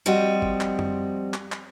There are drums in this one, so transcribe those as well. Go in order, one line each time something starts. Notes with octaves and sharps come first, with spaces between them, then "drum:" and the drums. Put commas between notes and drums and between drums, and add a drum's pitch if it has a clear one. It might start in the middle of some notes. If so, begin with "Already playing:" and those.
F3 G3 C4 F#4 D#5
drum: kick
drum: clap
drum: tom F#2
drum: clap
drum: clap